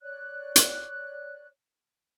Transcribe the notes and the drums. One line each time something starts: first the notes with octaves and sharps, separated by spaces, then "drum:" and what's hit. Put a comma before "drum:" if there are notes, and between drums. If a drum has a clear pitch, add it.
C#5 D5 F#6
drum: hi-hat